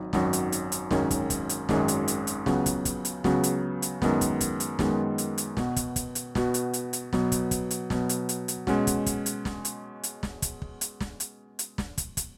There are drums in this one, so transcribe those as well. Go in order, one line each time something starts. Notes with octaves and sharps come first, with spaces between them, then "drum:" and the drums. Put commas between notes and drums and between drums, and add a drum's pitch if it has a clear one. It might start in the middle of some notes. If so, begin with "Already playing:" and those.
Already playing: G#1 F#3 D#4
G#1 F#2 F#3 D#4 F#4, drum: snare
drum: hi-hat
drum: hi-hat
drum: hi-hat
G#1 F#2 D#3 G#3 C#4, drum: snare
drum: kick, hi-hat
drum: kick, hi-hat
drum: hi-hat
G#1 F#2 D#3 G#3 C#4, drum: snare
drum: hi-hat
drum: hi-hat
drum: hi-hat
C#2 C#3 F#3 B3 F#4, drum: snare
drum: kick, hi-hat
drum: kick, hi-hat
drum: hi-hat
C#2 C#3 F#3 B3 F#4, drum: snare
drum: hi-hat
drum: hi-hat
F#2 D#3 G#3 B3, drum: snare
drum: kick, hi-hat
drum: kick, hi-hat
drum: hi-hat
F#2 D#3 G#3 B3, drum: snare
drum: hi-hat
drum: hi-hat
B2 B3 F#4, drum: snare
drum: kick, hi-hat
drum: kick, hi-hat
drum: hi-hat
B2 B3 F#4, drum: snare
drum: hi-hat
drum: hi-hat
drum: hi-hat
B2 F#3 B3, drum: snare
drum: kick, hi-hat
drum: kick, hi-hat
drum: hi-hat
B2 F#3 B3, drum: snare
drum: hi-hat
drum: hi-hat
drum: hi-hat
B2 G#3 C#4 F#4, drum: snare
drum: kick, hi-hat
drum: kick, hi-hat
drum: hi-hat
drum: snare
drum: hi-hat
drum: hi-hat
drum: snare
drum: kick, hi-hat
drum: kick
drum: hi-hat
drum: snare
drum: hi-hat
drum: hi-hat
drum: snare
drum: kick, hi-hat
drum: kick, hi-hat